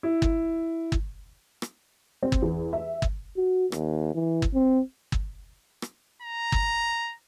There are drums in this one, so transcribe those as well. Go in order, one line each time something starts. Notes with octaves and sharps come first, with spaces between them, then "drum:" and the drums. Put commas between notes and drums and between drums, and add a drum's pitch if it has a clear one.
E4
drum: kick
drum: kick
drum: rim click
C4
drum: kick
E2
E5
drum: kick
F#4
D#2, drum: rim click
E3
drum: kick
C4
drum: kick
drum: rim click
A#5
drum: kick